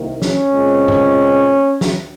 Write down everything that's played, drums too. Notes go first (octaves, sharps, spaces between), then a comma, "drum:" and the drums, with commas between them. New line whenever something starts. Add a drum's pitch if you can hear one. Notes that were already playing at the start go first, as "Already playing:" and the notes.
Already playing: C2 C3 D#3 A#3
C#4, drum: snare
A#2 G#3 C4
drum: tom G2
drum: snare